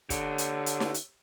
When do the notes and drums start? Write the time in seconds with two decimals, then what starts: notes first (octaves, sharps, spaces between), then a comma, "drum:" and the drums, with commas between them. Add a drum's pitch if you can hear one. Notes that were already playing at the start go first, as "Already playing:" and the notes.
0.10 D3 G4 C#5, drum: kick, hi-hat
0.38 drum: hi-hat
0.66 drum: hi-hat
0.80 drum: snare
0.94 drum: hi-hat